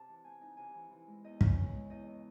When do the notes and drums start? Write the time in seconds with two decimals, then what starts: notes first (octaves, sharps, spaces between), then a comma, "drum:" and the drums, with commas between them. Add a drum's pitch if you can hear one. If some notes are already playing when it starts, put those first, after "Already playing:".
Already playing: C3 A5
0.08 E3
0.24 C4 G#5
0.41 D#4
0.57 C3 G#5
0.74 E3
0.90 E3
1.07 G#3
1.24 E2 D#5
1.41 C#3, drum: kick
1.57 E3
1.73 G#3
1.90 E2 D#5
2.07 C#3